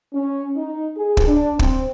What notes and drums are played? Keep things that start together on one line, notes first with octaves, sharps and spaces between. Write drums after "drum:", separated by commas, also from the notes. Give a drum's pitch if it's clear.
C#4
D#4
G#4
drum: kick
D4
C4, drum: kick